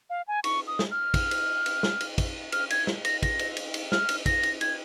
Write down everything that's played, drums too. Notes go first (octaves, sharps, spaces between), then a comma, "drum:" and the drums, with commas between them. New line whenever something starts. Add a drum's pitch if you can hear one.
F5
G#5
C#6, drum: cymbal
D#6
drum: snare
F6
drum: kick, cymbal
drum: cymbal
drum: cymbal
drum: snare
drum: cymbal
drum: kick, cymbal
F6, drum: cymbal
G#6, drum: cymbal
drum: snare
A#6, drum: cymbal
A#6, drum: kick, cymbal
drum: cymbal
drum: cymbal
drum: cymbal
F6, drum: snare
drum: cymbal
A#6, drum: kick, cymbal
drum: cymbal
G#6, drum: cymbal